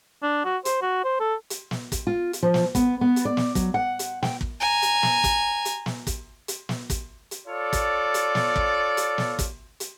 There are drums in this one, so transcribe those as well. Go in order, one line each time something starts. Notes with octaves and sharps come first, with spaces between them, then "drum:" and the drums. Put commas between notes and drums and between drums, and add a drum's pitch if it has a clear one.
D4
F#4
C5, drum: hi-hat
F#4
C5
A4
drum: hi-hat
drum: snare
drum: kick, hi-hat
F4
drum: hi-hat
F3
drum: snare
B3, drum: kick, hi-hat
B3
drum: hi-hat
D5
drum: snare
F#3, drum: kick, hi-hat
F#5
drum: hi-hat
G5, drum: snare
drum: kick
G#5 A#5
drum: hi-hat
drum: snare
drum: kick, hi-hat
drum: hi-hat
drum: snare
drum: kick, hi-hat
drum: hi-hat
drum: snare
drum: kick, hi-hat
drum: hi-hat
F4 A4 C#5 D5
drum: kick, hi-hat
drum: hi-hat
drum: snare
drum: kick
drum: hi-hat
drum: snare
drum: kick, hi-hat
drum: hi-hat